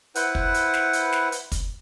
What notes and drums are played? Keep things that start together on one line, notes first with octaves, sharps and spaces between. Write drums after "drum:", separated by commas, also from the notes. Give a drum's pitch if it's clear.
E4 B4 C5 F#5, drum: hi-hat
drum: kick
drum: hi-hat
drum: snare
drum: hi-hat
drum: snare
drum: hi-hat
drum: kick, hi-hat